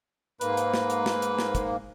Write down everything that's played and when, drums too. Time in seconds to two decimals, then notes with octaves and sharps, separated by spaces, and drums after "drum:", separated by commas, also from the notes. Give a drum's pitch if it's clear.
0.41 G#2 A#3 B4, drum: hi-hat
0.57 drum: hi-hat
0.74 drum: snare
0.90 drum: hi-hat
1.06 drum: snare
1.22 drum: hi-hat
1.38 drum: snare
1.55 drum: kick, hi-hat